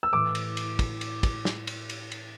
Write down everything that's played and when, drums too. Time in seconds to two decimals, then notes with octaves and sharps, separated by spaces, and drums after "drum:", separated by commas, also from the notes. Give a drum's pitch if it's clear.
0.03 E6
0.12 A2 E3 D6
0.35 drum: cymbal
0.57 drum: cymbal
0.79 drum: kick, cymbal
1.01 drum: cymbal
1.23 drum: kick, cymbal
1.45 drum: snare
1.67 drum: cymbal
1.89 drum: cymbal
2.12 drum: cymbal